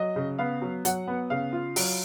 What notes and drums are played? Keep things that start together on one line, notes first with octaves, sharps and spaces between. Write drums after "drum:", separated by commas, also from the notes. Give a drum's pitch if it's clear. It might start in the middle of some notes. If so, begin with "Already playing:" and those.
Already playing: F#3 D#5
C#3
B3 F5
F#3
F#3 F#5, drum: hi-hat
B3
C#3 F5
F4
F#3, drum: open hi-hat